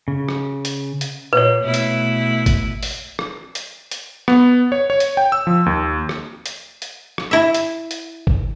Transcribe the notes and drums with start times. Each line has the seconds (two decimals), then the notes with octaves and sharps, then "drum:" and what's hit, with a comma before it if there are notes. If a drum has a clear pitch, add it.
0.08 C#3
0.29 drum: rim click
0.65 drum: hi-hat
1.01 drum: hi-hat
1.33 A#2 B4 C#5
1.63 B2 A3 E4
1.74 drum: hi-hat
2.46 drum: kick G#1, hi-hat
2.83 drum: open hi-hat
3.19 drum: rim click
3.55 drum: hi-hat
3.91 drum: hi-hat
4.28 B3, drum: rim click
4.72 C#5
4.90 C#5
5.00 drum: hi-hat
5.17 G5
5.32 E6
5.47 F3
5.66 D#2
6.09 drum: rim click
6.46 drum: hi-hat
6.82 drum: hi-hat
7.18 drum: rim click
7.31 E4 E5
7.54 drum: hi-hat
7.91 drum: hi-hat
8.27 drum: kick G#1